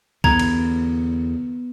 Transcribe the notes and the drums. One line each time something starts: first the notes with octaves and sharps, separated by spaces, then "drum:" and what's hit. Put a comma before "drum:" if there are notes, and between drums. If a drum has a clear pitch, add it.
E2 D3 B3 A#5 G#6, drum: kick B1
drum: cymbal